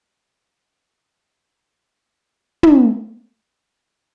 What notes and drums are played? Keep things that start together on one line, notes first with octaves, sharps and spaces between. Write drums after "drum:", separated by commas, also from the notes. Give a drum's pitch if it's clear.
F5
F5
E5
B4
A4
G4
F4
E4
drum: tom
D4
E4
E4
E4
F4
E4
D4
D4